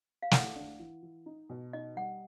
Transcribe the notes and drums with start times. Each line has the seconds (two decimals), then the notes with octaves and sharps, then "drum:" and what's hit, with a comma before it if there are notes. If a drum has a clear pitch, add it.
0.22 F5
0.31 E3 F#5, drum: snare
0.55 D4
0.79 E3
1.03 E3
1.26 D#4
1.49 B2
1.73 D#4 D#5
1.96 G3 F#5